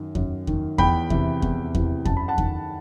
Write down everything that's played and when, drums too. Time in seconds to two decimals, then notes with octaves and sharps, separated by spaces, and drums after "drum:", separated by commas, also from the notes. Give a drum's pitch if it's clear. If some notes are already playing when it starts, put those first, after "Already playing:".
Already playing: F#2 D#3
0.15 F#2, drum: kick E2
0.47 D#3, drum: kick E2
0.78 E2 G5 B5, drum: kick E2
1.10 C3 E3, drum: kick E2
1.42 E2, drum: kick E2
1.75 C3 E3, drum: kick E2
2.05 F#2 A5, drum: kick E2
2.17 B5
2.28 F#5 A5
2.38 D#3, drum: kick E2